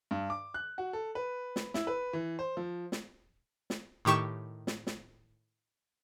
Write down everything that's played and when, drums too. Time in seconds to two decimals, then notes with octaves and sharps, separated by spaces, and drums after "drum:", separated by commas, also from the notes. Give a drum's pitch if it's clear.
0.11 G2
0.30 D6
0.54 F#6
0.78 F#4
0.93 A4
1.15 B4
1.56 drum: snare
1.74 E4, drum: snare
1.87 B4
2.13 E3
2.39 C5
2.57 F3
2.92 drum: snare
3.70 drum: snare
4.05 A2 D#3 G4 C#6 E7
4.67 drum: snare
4.87 drum: snare